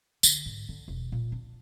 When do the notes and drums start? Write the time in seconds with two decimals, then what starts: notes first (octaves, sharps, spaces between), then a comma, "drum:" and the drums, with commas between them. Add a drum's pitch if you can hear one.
0.23 D3, drum: tambourine
0.46 G#2
0.69 D3
0.88 E1
1.12 A#2
1.32 D4